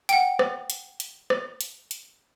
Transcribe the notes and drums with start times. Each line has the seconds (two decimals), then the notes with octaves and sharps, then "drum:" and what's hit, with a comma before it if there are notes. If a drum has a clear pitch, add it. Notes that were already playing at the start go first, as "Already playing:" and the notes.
0.09 F#5 G5, drum: hi-hat
0.39 drum: rim click
0.70 drum: hi-hat
1.00 drum: hi-hat
1.30 drum: rim click
1.61 drum: hi-hat
1.91 drum: hi-hat